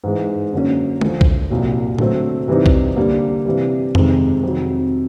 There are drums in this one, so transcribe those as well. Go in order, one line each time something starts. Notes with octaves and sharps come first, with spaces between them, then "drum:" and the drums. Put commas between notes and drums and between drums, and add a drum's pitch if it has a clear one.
G#2 E3 G#3
F#2 D3 F#3 A#3 C#4
D2 D3 F3, drum: tom G#3
drum: kick B1
C2 A#2 F#3
D3 F#3 A3 C4, drum: tom A2
C3 E3 G3 C4 D#4
drum: kick B1
D3 G3 A#3
C3 E3 G3
F2 C3 D#3 G#3, drum: tom F2
F2 C3 D#3 F#3